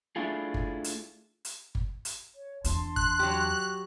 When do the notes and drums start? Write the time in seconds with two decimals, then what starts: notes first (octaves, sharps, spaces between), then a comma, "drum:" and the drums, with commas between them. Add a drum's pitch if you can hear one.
0.16 A3 D4 E4 F4 G#4
0.54 drum: kick G1
0.84 drum: hi-hat
1.45 drum: hi-hat
1.75 drum: kick G1
2.05 drum: hi-hat
2.35 C#5
2.64 E2 D4 A5 C6, drum: hi-hat
2.96 F#6, drum: kick G1
3.19 F#3 G4